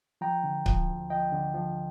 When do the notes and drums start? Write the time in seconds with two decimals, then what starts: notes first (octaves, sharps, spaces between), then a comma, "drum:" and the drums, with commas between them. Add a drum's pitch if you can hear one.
0.21 F3 G5 A#5
0.44 D3
0.66 F3, drum: kick C#1
0.88 D2
1.10 F3 D#5 G5
1.32 D3
1.54 F3